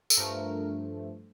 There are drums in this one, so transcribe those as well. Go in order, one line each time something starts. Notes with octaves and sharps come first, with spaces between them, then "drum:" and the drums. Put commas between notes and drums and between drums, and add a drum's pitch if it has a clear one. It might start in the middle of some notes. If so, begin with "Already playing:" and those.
A4, drum: tambourine
G2 F3 A3 A#4